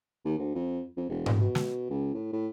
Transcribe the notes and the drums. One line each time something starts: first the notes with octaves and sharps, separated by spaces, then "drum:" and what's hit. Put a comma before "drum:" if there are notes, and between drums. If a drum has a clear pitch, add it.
D#2
D2
F2
F2
E1
drum: tom G#2
B2
drum: snare
C#2
A2
A2